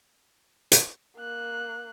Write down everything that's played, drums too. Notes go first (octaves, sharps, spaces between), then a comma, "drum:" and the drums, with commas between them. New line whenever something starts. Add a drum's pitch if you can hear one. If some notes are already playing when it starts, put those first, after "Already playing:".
drum: hi-hat
A#3 F#6